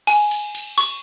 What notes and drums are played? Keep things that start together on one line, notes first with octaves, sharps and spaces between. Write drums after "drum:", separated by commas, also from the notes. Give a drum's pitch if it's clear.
G#5, drum: cymbal
drum: cymbal
drum: cymbal
C#6, drum: cymbal